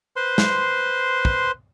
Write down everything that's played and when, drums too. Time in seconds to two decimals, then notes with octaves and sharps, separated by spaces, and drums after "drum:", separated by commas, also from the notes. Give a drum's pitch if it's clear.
0.16 B4 C5 C6
0.38 drum: snare
1.25 drum: kick